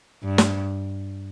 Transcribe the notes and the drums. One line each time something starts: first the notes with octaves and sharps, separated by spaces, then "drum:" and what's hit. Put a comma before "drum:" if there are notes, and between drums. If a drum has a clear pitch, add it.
G2
drum: snare